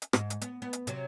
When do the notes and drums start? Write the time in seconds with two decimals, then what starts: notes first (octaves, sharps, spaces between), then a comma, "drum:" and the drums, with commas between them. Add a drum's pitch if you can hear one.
0.02 drum: hi-hat
0.13 G#2, drum: rim click
0.30 drum: hi-hat
0.41 B3, drum: hi-hat
0.62 B3
0.73 drum: hi-hat
0.87 C3 F#3, drum: hi-hat